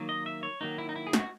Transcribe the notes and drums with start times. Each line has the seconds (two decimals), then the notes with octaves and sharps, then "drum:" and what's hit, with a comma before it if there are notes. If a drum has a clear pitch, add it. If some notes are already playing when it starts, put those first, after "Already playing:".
Already playing: D#3 F#3 A#3
0.09 D#5
0.26 E5
0.43 C#5
0.61 D#3 F#3 A#3 D#4
0.78 E4
0.89 D#4
0.96 E4
1.07 G#4
1.13 F#4, drum: snare